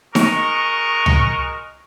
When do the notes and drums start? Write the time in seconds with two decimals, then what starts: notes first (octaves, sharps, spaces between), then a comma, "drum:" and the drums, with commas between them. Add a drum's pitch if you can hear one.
0.15 G#3 F#4 A#4 D#5 C#6, drum: snare D#4
1.06 drum: tom C#2